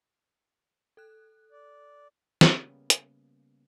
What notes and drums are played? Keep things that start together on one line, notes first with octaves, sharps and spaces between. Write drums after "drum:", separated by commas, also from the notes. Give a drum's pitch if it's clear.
A4 F#6
D5
drum: snare
C#3 G3 A#3 B3 C#4
drum: hi-hat